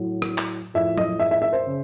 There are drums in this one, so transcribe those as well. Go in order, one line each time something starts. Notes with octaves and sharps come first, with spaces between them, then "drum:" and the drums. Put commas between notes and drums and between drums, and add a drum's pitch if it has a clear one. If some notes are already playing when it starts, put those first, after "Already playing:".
Already playing: A2 F#3
drum: rim click
drum: clap
A2 F3 E5
D#5, drum: tom F#3
E5
E5
E5
C5
C#3